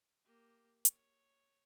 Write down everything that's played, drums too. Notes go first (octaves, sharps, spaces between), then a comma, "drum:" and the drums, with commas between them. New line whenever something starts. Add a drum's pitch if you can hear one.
A#3 G4
C#5, drum: hi-hat